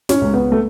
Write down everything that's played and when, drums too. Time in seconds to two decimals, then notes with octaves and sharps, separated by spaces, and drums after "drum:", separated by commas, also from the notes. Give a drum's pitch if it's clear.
0.09 C#4, drum: snare
0.21 C#2
0.34 B3
0.52 A3